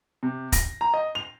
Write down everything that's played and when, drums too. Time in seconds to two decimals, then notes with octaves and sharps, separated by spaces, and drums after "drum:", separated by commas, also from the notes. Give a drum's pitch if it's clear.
0.23 C3
0.52 A#6, drum: kick, hi-hat
0.81 A#5
0.94 D#5
1.15 F7